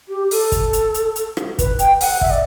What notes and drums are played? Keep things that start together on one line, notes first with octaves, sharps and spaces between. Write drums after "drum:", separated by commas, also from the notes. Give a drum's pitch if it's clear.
G4
A4, drum: open hi-hat
drum: kick, hi-hat
drum: hi-hat
drum: hi-hat
drum: hi-hat
drum: rim click
B4, drum: kick, hi-hat
G5, drum: hi-hat
F#5, drum: open hi-hat
E5, drum: kick
D5